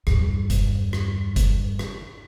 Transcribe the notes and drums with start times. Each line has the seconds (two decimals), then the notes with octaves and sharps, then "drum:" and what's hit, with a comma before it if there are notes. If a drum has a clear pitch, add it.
0.07 E2 G2, drum: rim click
0.50 drum: kick F#1, hi-hat
0.93 drum: rim click
1.36 drum: kick F#1, hi-hat
1.79 drum: rim click